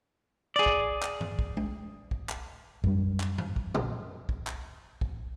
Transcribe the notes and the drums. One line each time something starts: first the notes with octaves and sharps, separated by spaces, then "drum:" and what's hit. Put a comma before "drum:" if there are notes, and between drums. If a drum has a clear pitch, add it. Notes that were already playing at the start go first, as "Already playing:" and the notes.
G#4 D5
drum: kick
drum: clap
drum: tom G2
drum: kick
drum: tom G#3
drum: kick
drum: clap
F#2 G3, drum: kick
drum: clap
drum: tom G2
drum: kick
drum: tom
drum: kick
drum: clap
drum: kick